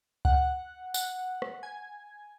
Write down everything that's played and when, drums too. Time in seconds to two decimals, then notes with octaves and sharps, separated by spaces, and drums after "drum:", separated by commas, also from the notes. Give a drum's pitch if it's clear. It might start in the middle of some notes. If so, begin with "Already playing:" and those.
0.25 F#5, drum: kick C#2
0.94 F#5, drum: tambourine
1.42 drum: rim click
1.63 G#5